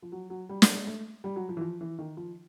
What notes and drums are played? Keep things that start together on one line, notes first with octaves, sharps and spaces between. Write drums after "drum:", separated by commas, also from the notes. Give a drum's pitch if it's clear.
F3
F#3
F#3
G3
G#3, drum: snare
G#3
A3
G3
F#3
F3
E3
F3
E3
D#3
F3